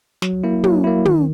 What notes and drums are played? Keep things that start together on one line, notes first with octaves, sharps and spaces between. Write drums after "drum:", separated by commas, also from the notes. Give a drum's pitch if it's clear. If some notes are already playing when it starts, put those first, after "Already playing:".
F#3, drum: snare
A#3 E4
F#3, drum: tom
A#3 E4
D#3, drum: tom